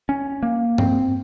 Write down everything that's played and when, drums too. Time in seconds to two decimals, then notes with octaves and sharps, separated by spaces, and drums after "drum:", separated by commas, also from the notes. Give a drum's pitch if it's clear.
0.09 C#4
0.43 A#3
0.78 C4, drum: tom G2